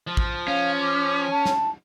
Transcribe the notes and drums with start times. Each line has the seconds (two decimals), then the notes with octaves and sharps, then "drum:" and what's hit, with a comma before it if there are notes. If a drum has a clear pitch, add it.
0.07 F3
0.17 drum: kick
0.48 C#4 F5
0.81 D6
1.31 A5
1.45 drum: snare